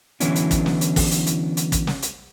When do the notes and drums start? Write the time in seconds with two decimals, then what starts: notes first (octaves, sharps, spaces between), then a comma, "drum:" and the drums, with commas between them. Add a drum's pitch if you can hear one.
0.20 D3 E3 F#3 B3 C#4 E4, drum: hi-hat
0.36 drum: hi-hat
0.51 drum: kick, hi-hat
0.66 drum: snare
0.81 drum: hi-hat
0.96 drum: kick, open hi-hat
1.11 drum: hi-hat
1.27 drum: hi-hat
1.57 drum: hi-hat
1.72 drum: kick, hi-hat
1.87 drum: snare
2.02 drum: hi-hat